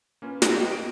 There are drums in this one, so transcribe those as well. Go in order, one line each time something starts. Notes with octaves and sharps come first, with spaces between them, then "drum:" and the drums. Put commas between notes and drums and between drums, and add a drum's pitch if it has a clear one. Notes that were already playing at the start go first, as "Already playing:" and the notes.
A#3 C#4 F4 B4
drum: snare
A#3 F#4 B4 D#5 G5
D7